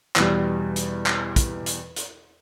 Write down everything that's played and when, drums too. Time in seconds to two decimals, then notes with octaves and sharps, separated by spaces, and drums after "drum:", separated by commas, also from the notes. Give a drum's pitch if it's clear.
0.16 E2 B2 G3, drum: clap
0.76 drum: hi-hat
1.06 drum: clap
1.36 drum: kick, hi-hat
1.66 drum: hi-hat
1.96 drum: hi-hat